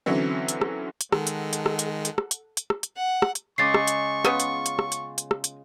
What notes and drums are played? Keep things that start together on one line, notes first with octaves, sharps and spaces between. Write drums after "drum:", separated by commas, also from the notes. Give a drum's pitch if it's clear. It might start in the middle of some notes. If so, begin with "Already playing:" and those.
D3 E3 F#3 C4 C#4
drum: hi-hat
drum: rim click
drum: hi-hat
D#3 G#3 A4 F#5, drum: rim click
drum: hi-hat
drum: hi-hat
drum: rim click
drum: hi-hat
drum: hi-hat
drum: rim click
drum: hi-hat
drum: hi-hat
drum: rim click
drum: hi-hat
F#5
drum: rim click
drum: hi-hat
C#3 G#3 C#6 D6 A6 C7
drum: rim click
drum: hi-hat
C#3 B3 F4, drum: rim click
drum: hi-hat
drum: hi-hat
drum: rim click
drum: hi-hat
drum: hi-hat
drum: rim click
drum: hi-hat